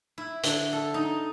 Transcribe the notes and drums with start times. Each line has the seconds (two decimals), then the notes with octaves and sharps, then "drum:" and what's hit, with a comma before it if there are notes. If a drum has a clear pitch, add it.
0.18 E4
0.43 D3, drum: hi-hat
0.73 A4
0.94 D#4